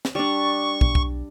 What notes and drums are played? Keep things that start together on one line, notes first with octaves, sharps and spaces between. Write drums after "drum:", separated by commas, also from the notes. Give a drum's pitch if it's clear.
drum: snare
G3 D4 C#6
B1, drum: kick
drum: kick